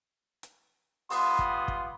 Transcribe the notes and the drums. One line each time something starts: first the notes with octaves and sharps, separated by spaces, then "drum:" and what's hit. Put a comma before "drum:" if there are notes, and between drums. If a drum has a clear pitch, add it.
drum: hi-hat
G3 B3 F4 C6 D#6, drum: open hi-hat
drum: kick
drum: kick